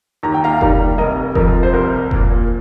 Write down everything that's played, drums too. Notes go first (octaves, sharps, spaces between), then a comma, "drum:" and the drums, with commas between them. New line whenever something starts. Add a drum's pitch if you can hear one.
D#2 A#5
G5
F5 A#5
D#3 G3 A#3, drum: kick F1
F1 A#4 D#5
F2 F3 A#4, drum: kick F1
C5
C2 A#4
A#2 A#3, drum: kick F1